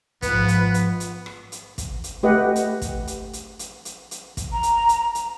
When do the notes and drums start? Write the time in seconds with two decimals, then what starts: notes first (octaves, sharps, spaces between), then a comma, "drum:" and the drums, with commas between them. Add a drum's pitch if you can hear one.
0.22 G#2 F3 B3 B4, drum: kick, hi-hat
0.48 drum: hi-hat
0.74 drum: hi-hat
1.00 drum: hi-hat
1.26 drum: rim click
1.52 drum: hi-hat
1.78 drum: kick, hi-hat
2.04 drum: hi-hat
2.23 A3 G4 B4 D#5 F#5
2.56 drum: hi-hat
2.82 drum: kick, hi-hat
3.07 drum: hi-hat
3.33 drum: hi-hat
3.59 drum: hi-hat
3.85 drum: hi-hat
4.11 drum: hi-hat
4.37 drum: kick, hi-hat
4.52 A#5
4.63 drum: hi-hat
4.89 drum: hi-hat
5.15 drum: hi-hat